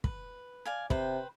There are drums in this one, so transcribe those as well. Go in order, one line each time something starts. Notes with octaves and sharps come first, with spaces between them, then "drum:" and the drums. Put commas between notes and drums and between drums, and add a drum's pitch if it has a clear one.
B4, drum: kick
D5 F5 G#5
C3 B4 C5 G5, drum: kick